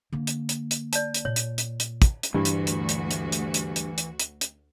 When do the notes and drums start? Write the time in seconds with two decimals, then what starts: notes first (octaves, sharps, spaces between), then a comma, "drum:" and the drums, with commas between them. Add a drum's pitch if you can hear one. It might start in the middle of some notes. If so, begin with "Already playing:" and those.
0.13 D3 A#3
0.27 drum: hi-hat
0.49 drum: hi-hat
0.71 drum: hi-hat
0.93 D5 A5, drum: hi-hat
1.14 drum: hi-hat
1.25 A#2 C#5
1.36 drum: hi-hat
1.58 drum: hi-hat
1.80 drum: hi-hat
2.02 drum: kick, hi-hat
2.23 drum: hi-hat
2.34 D2 G2 E3 F#4
2.45 drum: hi-hat
2.67 drum: hi-hat
2.89 drum: hi-hat
3.11 drum: hi-hat
3.32 drum: hi-hat
3.54 drum: hi-hat
3.76 drum: hi-hat
3.98 drum: hi-hat
4.20 drum: hi-hat
4.41 drum: hi-hat